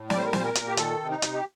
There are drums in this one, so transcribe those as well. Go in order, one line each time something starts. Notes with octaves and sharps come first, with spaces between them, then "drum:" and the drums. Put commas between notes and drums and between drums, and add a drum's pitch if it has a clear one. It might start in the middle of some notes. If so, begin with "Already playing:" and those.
Already playing: A2
G3 D5, drum: snare
C5
A#4
A#2 C5, drum: snare
A#4
A#2, drum: hi-hat
G4
D#3 A4, drum: hi-hat
C3
D#4
C3, drum: hi-hat
G4